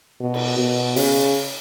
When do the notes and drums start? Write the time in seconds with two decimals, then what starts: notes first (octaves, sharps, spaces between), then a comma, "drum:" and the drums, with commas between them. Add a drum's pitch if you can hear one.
0.20 B2
0.34 drum: cymbal
0.58 B2
0.96 C#3, drum: open hi-hat